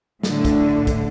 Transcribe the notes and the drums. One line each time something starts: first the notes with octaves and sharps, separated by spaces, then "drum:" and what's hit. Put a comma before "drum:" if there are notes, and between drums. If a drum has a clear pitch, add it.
A2 D3, drum: snare
drum: kick, hi-hat
drum: kick, hi-hat